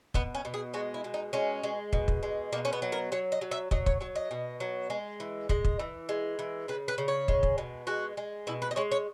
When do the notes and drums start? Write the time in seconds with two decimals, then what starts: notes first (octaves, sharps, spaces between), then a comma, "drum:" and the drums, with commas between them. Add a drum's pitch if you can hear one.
0.14 B2 B3, drum: kick
0.35 C#4
0.45 B2
0.54 G#4
0.74 G#3 F#4
0.94 E4
1.04 B2
1.14 D#4
1.33 G#3 C#4
1.63 G#3
1.93 B2, drum: kick
2.08 drum: kick
2.23 G#3
2.52 B2 A#3
2.65 C#4
2.73 B3
2.82 F#3
2.92 A#4
3.12 F#3 C#5
3.32 D#5
3.41 F#3
3.51 E5
3.71 F#3 D#5, drum: kick
3.86 C#5, drum: kick
4.01 F#3 C#5
4.15 D#5
4.31 B2
4.60 F#3
4.90 G#3
5.20 E3
5.49 G#3 D#5, drum: kick
5.65 drum: kick
5.79 E3
6.09 G#3
6.39 E3
6.68 C#3 B4
6.88 B4
6.98 C#3
7.08 C#5
7.28 G#3, drum: kick
7.43 drum: kick
7.58 B2
7.87 G#3 F#4
8.17 G#3
8.47 B2 E4
8.62 B4
8.71 D#5
8.76 G#3 C#5
8.91 C#5